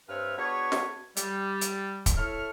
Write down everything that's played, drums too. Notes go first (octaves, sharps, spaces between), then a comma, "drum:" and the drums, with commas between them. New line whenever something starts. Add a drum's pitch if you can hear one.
G2 C4 B4 C#5 E5 F6
B3 D4 F#4 G#4 B4 C#5
drum: snare
G3, drum: hi-hat
drum: hi-hat
drum: kick, hi-hat
E4 A4 C#5 C#6 F6